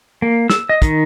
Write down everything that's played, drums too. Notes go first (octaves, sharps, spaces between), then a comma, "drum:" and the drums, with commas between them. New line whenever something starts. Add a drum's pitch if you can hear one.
A#3
E6, drum: snare
D#5
D#3, drum: kick, hi-hat